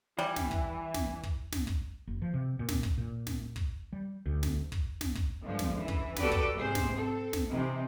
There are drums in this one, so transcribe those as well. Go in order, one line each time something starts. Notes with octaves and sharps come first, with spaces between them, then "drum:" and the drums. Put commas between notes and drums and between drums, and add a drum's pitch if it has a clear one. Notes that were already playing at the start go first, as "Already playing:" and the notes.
E3 G3 E4
drum: snare
drum: kick
drum: snare
drum: kick
drum: snare
drum: kick
F#1
F3
C3
A#2
drum: snare
drum: kick
A#2
drum: snare
drum: kick
G3
D2
drum: snare
drum: kick
drum: snare
drum: kick
G2 D3 F3 G#3
drum: snare
F#2 E3
drum: kick
F#4 G4 A4 B4 D5, drum: snare
drum: kick
G#2 C3 G#4 C5
drum: snare
C4 A4
drum: snare
C3 E3 D#4